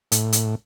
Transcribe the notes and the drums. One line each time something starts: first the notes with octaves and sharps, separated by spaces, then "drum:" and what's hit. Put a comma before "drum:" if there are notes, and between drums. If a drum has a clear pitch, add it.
A2, drum: hi-hat
drum: hi-hat